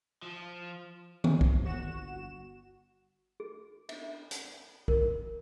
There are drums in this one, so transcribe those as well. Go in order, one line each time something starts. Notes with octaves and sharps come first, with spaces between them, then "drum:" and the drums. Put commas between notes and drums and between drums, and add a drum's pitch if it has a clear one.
F3
drum: tom D#3
drum: kick
G1 F#4 E7
G#4
E5, drum: cymbal
drum: hi-hat
A#4, drum: kick